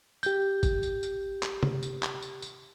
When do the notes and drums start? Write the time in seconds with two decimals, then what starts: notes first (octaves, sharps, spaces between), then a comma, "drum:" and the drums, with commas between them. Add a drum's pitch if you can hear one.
0.23 G4 G6, drum: tambourine
0.63 drum: kick, tambourine
0.83 drum: tambourine
1.03 drum: tambourine
1.43 drum: clap
1.63 drum: tom C3
1.83 drum: tambourine
2.03 drum: clap
2.22 drum: tambourine
2.42 drum: tambourine